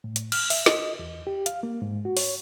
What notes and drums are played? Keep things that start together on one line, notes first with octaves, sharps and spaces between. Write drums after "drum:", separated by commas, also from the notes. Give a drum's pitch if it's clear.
A2
drum: hi-hat
F6, drum: cymbal
E5, drum: open hi-hat
D#5, drum: snare
E2
G4
F5, drum: hi-hat
A#3
G#2
F#4
C#5, drum: open hi-hat